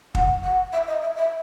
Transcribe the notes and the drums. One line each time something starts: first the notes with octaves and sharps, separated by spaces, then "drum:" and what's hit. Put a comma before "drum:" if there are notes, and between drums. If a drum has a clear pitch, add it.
F#5, drum: kick
F#5
E5
D#5
E5
E5